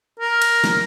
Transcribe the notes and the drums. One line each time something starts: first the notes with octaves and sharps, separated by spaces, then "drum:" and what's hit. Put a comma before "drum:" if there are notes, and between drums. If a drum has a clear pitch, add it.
A#4
drum: cymbal
drum: snare